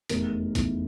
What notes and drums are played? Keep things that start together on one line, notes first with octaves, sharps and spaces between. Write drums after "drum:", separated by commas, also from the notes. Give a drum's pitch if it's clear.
F1 E2 E3 A#4, drum: hi-hat
F1 E2 E3, drum: kick A1, hi-hat